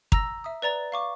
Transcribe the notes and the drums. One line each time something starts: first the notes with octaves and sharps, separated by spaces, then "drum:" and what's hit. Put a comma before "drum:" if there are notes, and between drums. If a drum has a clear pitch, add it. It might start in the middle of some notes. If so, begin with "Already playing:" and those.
A#5 E6 A#6, drum: kick
E5 D#6
B4 D5 A#5 A6
F5 C#6 D6